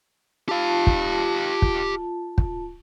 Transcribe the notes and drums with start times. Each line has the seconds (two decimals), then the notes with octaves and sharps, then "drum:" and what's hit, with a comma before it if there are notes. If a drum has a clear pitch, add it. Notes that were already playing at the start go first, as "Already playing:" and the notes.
0.49 F4 G4 F5 A5
0.87 drum: kick
1.62 drum: kick
2.38 drum: kick